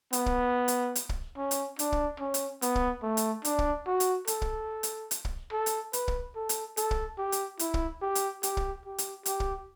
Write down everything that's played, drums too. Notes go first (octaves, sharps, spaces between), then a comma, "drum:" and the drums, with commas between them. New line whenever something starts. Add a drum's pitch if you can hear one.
B3, drum: hi-hat
drum: kick
drum: hi-hat
drum: hi-hat
drum: kick
C#4
drum: hi-hat
D4, drum: hi-hat
drum: kick
C#4
drum: hi-hat
B3, drum: hi-hat
drum: kick
A3
drum: hi-hat
D4, drum: hi-hat
drum: kick
F#4
drum: hi-hat
A4, drum: hi-hat
drum: kick
drum: hi-hat
drum: hi-hat
drum: kick
A4
drum: hi-hat
B4, drum: hi-hat
drum: kick
A4
drum: hi-hat
A4, drum: hi-hat
drum: kick
G4
drum: hi-hat
E4, drum: hi-hat
drum: kick
G4
drum: hi-hat
G4, drum: hi-hat
drum: kick
G4
drum: hi-hat
G4, drum: hi-hat
drum: kick